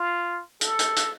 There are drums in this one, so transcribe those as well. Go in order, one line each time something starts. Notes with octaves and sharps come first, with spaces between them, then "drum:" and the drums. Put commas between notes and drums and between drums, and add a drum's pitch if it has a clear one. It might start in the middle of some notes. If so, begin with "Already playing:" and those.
Already playing: F4
A4, drum: hi-hat
drum: hi-hat
drum: hi-hat